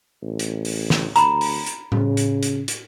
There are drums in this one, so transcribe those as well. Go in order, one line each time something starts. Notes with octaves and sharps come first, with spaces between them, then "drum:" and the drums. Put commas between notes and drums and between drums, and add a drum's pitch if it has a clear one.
A1
drum: hi-hat
drum: open hi-hat
drum: snare
D2 A#5 B5, drum: hi-hat
drum: open hi-hat
drum: hi-hat
C#3, drum: tom A2
drum: hi-hat
drum: hi-hat
drum: hi-hat